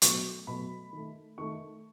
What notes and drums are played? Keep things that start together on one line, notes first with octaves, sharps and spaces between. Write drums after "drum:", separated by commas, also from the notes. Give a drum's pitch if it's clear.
B2 F#3 A3 C#6, drum: hi-hat
B2 F#3 A3 B5
D#3 A3
D#3 A3 C#6